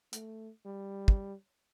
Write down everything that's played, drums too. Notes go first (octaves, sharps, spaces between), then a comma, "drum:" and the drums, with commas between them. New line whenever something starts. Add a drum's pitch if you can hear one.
A3, drum: hi-hat
G3
drum: kick